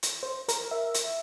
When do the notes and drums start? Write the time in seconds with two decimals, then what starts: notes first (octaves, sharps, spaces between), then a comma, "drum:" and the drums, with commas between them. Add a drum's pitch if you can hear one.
0.03 drum: hi-hat
0.23 C5
0.48 A#4, drum: hi-hat
0.71 E5
0.94 drum: hi-hat